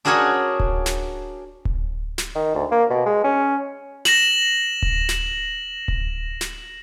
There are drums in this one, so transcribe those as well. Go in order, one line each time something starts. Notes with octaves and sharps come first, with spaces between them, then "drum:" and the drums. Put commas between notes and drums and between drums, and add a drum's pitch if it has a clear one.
D4 F#4 G#4 A#4 C#5 F#5
drum: kick D1
drum: snare
drum: kick D1
drum: snare
D#3
D2
A#3
B2
G#3
C#4
A#6 E7 F#7, drum: snare
drum: kick D1
drum: snare
drum: kick D1
drum: snare